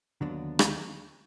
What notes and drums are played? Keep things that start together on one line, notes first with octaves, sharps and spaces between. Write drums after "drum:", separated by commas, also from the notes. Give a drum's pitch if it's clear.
D#2 D3 F#3 B3 D4
drum: rim click